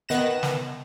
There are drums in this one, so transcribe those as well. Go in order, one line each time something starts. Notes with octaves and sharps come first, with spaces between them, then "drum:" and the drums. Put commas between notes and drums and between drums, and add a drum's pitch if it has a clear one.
D#3 B3 F#6 A#6 E7
drum: snare